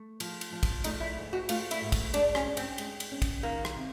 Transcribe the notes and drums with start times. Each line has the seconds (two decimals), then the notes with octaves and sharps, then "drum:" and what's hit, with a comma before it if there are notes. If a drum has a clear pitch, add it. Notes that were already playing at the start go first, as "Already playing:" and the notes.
Already playing: A3
0.20 F3, drum: cymbal
0.41 drum: cymbal
0.52 F3
0.63 drum: kick, cymbal
0.84 A3 D#4, drum: cymbal
1.00 E4
1.17 G#2
1.33 F#4
1.49 A3 F4, drum: cymbal
1.71 E4, drum: cymbal
1.81 G#2
1.92 drum: kick, cymbal
2.14 G#3 D4, drum: cymbal
2.35 C#4, drum: rim click
2.46 C#4
2.57 C4, drum: cymbal
2.78 G#3, drum: cymbal
3.00 drum: cymbal
3.12 C#4
3.22 drum: kick, cymbal
3.43 D#3 A#3
3.65 drum: rim click
3.76 C3